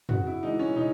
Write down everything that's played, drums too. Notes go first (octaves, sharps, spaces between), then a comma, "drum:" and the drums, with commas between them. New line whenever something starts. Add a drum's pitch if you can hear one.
C#3 F#4, drum: tom F2
E4
E3 G#3 D#4
C#4
C#3 D#4